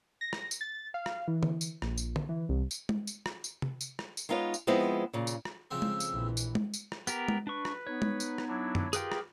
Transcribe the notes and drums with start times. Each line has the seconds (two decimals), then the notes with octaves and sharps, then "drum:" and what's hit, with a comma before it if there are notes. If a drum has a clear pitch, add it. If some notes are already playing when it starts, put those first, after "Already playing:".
0.21 A#6
0.33 drum: rim click
0.51 drum: tambourine
0.61 A6
0.94 F5
1.06 drum: rim click
1.28 E3
1.43 drum: tom D3
1.61 drum: tambourine
1.82 A#1, drum: rim click
1.98 drum: tambourine
2.16 drum: tom D3
2.29 E3
2.49 C2
2.71 drum: tambourine
2.89 drum: tom G#3
3.07 drum: tambourine
3.26 drum: rim click
3.44 drum: tambourine
3.62 drum: tom C3
3.81 drum: tambourine
3.99 drum: rim click
4.17 drum: tambourine
4.29 G#3 B3 D#4 F4 B4 C#5
4.54 drum: tambourine
4.67 F3 G#3 B3 C4 E4
5.13 A#2 C#3
5.27 drum: tambourine
5.45 drum: rim click
5.71 F2 C#3 C4 E6
5.82 drum: tom G#3
6.00 drum: tambourine
6.11 A#1 A#2 E3
6.37 drum: tambourine
6.55 drum: tom G#3
6.74 drum: tambourine
6.92 drum: rim click
7.07 B3 G4 A#4, drum: tambourine
7.28 drum: tom G#3
7.47 D4 B4 C#6
7.65 drum: rim click
7.87 B3 D#4 C#5
8.02 drum: tom G#3
8.20 drum: tambourine
8.38 drum: rim click
8.48 F#3 D4 E4
8.75 drum: tom F#2
8.93 F4 G4 G#4 A#4 B4 G5, drum: tambourine
9.12 drum: rim click